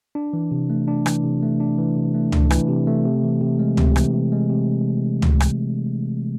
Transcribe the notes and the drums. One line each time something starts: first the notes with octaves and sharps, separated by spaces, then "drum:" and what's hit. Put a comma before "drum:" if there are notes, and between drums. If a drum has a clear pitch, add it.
D4
E3
C3
A3
D4
E3, drum: rim click
C3
A3
D4
E3
C3
A3
D4, drum: tom C#2
E3, drum: rim click
C3
A3
C3
E3
C3
G#3
C3, drum: tom C#2
E3, drum: rim click
C3
G#3
C3
drum: tom C#2
drum: rim click